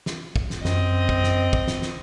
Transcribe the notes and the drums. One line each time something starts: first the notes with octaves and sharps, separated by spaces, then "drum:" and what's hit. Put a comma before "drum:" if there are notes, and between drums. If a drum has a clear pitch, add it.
drum: snare
drum: kick
drum: snare
F#2 C4 D#5, drum: snare
drum: kick
drum: snare
drum: kick
drum: snare
drum: snare